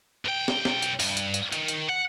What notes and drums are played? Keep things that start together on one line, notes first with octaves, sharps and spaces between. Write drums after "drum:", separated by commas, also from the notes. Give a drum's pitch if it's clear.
B1 G5
drum: snare
drum: snare
drum: hi-hat
G2, drum: open hi-hat
drum: hi-hat
drum: hi-hat
D#3, drum: hi-hat
drum: hi-hat
F#5